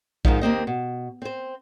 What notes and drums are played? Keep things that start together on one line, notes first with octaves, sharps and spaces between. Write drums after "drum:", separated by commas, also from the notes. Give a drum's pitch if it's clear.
G#2 D#3 F3 D#4, drum: kick A#1
D#2 A#3 C4 D#5
B2
C4 C5